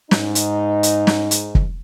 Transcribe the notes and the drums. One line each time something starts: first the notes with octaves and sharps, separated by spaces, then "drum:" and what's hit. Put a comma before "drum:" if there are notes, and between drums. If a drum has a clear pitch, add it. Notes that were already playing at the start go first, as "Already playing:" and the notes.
G#2 D#4, drum: snare
drum: hi-hat
drum: hi-hat
drum: snare
drum: hi-hat
drum: kick